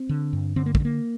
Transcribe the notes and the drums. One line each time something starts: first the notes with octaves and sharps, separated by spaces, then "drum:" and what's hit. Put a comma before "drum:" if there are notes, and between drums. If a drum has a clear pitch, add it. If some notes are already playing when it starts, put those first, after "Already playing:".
Already playing: C4
D3
G2
D3 C4
A#3
A3, drum: kick
G2
A#3